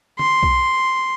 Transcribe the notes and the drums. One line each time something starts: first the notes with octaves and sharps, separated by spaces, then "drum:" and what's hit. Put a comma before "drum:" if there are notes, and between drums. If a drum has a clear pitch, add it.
C6, drum: tom
drum: kick B1